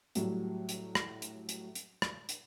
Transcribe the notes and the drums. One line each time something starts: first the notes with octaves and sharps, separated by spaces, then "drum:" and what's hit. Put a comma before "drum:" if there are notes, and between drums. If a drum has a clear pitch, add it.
A2 F#3 G3, drum: hi-hat
drum: hi-hat
drum: rim click
drum: hi-hat
drum: hi-hat
drum: hi-hat
drum: rim click
drum: hi-hat